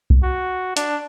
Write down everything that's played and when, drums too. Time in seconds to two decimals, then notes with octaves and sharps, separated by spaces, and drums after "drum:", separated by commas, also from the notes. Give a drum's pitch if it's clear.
0.10 drum: kick C2
0.23 F#4
0.77 D4, drum: hi-hat